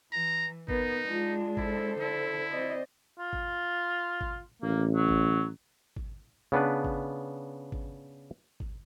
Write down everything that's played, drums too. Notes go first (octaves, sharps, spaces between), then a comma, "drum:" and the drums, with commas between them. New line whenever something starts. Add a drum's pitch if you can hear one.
E3 A#5
B3 D#4 A#4 B4, drum: kick G#1
G#3 D4 F4
E4 A4 C5, drum: kick G#1
D3 E4
C4 C5 D5 D#5
F4
drum: kick G#1
drum: kick G#1
A1 A#3
F#3
drum: kick G#1
drum: kick G#1
C#3 B3 D4 B4
drum: kick G#1
drum: kick G#1
drum: kick G#1